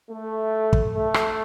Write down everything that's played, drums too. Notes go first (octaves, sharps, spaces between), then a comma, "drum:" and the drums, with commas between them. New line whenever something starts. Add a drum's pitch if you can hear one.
A3
drum: kick
A3
drum: rim click